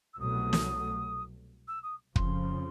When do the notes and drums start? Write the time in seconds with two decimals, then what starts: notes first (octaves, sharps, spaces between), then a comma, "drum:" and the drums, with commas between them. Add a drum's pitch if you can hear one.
0.13 E6
0.20 C2 B2 F#3 A3 D#6
0.53 drum: snare
1.68 E6
1.83 D#6
2.16 F2 C#3 F3 C6, drum: kick